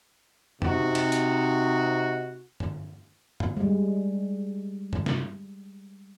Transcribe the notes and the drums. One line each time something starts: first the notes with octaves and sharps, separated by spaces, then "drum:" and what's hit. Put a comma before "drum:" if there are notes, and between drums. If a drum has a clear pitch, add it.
C3 D#4 F#4, drum: tom F#2
drum: cymbal
drum: hi-hat
drum: tom G2
drum: tom G2
G3 G#3
drum: tom G2
drum: snare